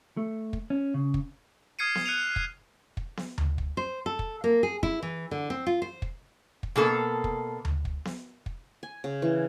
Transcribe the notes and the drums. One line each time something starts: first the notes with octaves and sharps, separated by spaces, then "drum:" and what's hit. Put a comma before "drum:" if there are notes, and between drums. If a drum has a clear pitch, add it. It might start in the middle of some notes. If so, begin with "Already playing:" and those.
A3
drum: kick
C#4
C#3
drum: kick
D#6 F6 G#6 C7 C#7 D#7
drum: snare B3
F#6 C#7 D#7 F7
drum: kick
drum: kick
drum: snare B3
drum: tom D2
drum: kick
C5
A4
drum: kick
A#3
G#4
E4, drum: kick
E3
D3
C4
F4
C5
drum: kick
drum: kick
B2 A#3 A4
drum: kick
drum: tom D2
drum: kick
drum: snare B3
drum: kick
G#5
C#3
E3